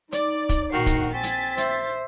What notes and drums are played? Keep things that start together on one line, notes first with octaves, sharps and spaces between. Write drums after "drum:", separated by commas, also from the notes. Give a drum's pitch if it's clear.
D#4 D5, drum: hi-hat
drum: kick, hi-hat
A#1 D#3 F#4 C7
drum: kick, hi-hat
C4 G#5 A6 B6
drum: hi-hat
C5 E5, drum: hi-hat